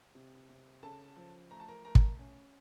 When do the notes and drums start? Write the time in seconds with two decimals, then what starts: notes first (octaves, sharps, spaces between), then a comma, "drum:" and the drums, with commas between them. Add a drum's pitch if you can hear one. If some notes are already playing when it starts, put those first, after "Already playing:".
0.15 C3
0.49 C3
0.83 C#3 A4 A5
1.17 F3
1.51 A3 A#5
1.60 A5
1.68 A#4 A#5
1.85 A3 A#4 A#5
1.95 drum: kick
2.19 C#4